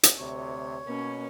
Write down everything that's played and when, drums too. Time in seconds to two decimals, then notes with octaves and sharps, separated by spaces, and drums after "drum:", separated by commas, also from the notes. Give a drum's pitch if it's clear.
0.03 drum: hi-hat
0.19 D2 C3 C#5
0.87 B2 A#3 C#4